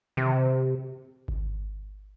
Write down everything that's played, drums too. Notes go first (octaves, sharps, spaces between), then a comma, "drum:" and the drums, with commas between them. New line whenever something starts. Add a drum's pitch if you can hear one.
C3, drum: tom D3
drum: kick G#1